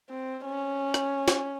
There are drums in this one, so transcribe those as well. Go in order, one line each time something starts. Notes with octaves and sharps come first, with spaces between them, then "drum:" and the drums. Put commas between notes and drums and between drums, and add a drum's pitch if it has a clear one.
C4
C#4
drum: rim click
drum: snare